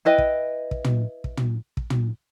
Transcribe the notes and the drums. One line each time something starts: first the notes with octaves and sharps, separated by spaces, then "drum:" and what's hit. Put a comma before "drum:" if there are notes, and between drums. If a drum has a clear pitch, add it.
E4 B4 D#5 G5
drum: kick
drum: kick
drum: tom
drum: kick
drum: tom
drum: kick
drum: tom